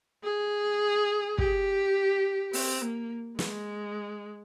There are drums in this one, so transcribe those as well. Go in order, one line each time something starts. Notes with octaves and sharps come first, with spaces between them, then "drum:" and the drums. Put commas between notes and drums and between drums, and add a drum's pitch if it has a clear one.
G#4
G4, drum: kick
C4, drum: open hi-hat
A#3
G#3, drum: snare